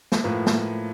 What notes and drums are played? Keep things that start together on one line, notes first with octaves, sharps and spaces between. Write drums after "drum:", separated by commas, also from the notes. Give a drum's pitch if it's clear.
drum: snare
A2 F3 A#3 B4
drum: snare